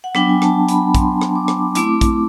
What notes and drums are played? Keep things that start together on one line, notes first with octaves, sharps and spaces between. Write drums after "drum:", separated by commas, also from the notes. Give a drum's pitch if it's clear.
F#5
F#3 B3 D4 G5, drum: rim click
G#5
A5, drum: rim click
B5, drum: hi-hat
C6, drum: kick, hi-hat
drum: rim click
D6
drum: rim click
A3 C4 E4 D6, drum: hi-hat
drum: kick, hi-hat